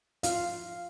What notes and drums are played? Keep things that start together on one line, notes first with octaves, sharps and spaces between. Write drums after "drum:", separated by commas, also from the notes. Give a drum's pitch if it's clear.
F4 F5, drum: hi-hat